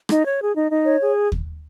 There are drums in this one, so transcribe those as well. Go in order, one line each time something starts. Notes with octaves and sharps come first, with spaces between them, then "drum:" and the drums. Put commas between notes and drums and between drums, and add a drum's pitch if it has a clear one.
D#4, drum: rim click
C#5
G#4
D#4
D#4
C#5
G#4
drum: kick